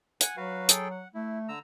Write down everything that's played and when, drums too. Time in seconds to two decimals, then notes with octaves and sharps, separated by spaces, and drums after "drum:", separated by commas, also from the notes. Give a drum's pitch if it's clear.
0.21 F#5 G#5, drum: hi-hat
0.37 F#3 F#4 B4 F5
0.69 G#4 A4 G5, drum: hi-hat
0.91 F#5
1.14 A3 E4
1.48 D3 A#5 E6